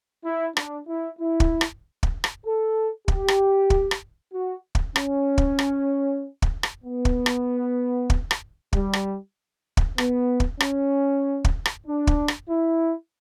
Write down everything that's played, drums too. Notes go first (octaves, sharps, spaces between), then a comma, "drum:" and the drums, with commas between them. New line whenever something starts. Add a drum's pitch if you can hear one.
E4
D4, drum: rim click
E4
E4
drum: kick
drum: rim click
drum: kick
drum: rim click
A4
G4, drum: kick
drum: rim click
drum: kick
drum: rim click
F#4
drum: kick
C#4, drum: rim click
drum: kick
drum: rim click
drum: kick
drum: rim click
B3
drum: kick
drum: rim click
drum: kick
drum: rim click
G3, drum: kick
drum: rim click
drum: kick
B3, drum: rim click
drum: kick
C#4, drum: rim click
drum: kick
drum: rim click
D4
drum: kick
drum: rim click
E4